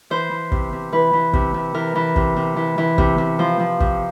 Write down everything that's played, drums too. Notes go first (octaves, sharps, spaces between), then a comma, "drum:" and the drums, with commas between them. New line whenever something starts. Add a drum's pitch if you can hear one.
E3 C5
E3
C3, drum: kick
C3
E3 B4
E3
C3, drum: kick
C3
E3 A#4
E3
C3, drum: kick
C3
E3
E3
C3, drum: kick
C3
F3 C5
F3
C3, drum: kick